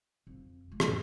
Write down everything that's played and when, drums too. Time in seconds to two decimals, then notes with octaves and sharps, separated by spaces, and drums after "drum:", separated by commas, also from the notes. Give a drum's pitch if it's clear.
0.27 F2
0.68 A#2 G#3
0.80 F#2 A2, drum: rim click